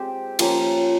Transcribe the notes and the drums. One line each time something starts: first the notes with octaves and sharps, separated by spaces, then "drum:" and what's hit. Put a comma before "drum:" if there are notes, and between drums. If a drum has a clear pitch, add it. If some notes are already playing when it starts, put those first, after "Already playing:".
Already playing: G#3 C4 G4 C5
F3 A#3 C#4 G4, drum: cymbal